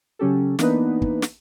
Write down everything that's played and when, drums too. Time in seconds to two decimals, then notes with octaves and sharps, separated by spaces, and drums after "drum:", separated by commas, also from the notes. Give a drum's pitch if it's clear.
0.19 C#3 F#3 C#4 G4 A4
0.59 E3 A#3 B3 D4 D#4 B4, drum: snare
1.02 drum: kick
1.22 drum: snare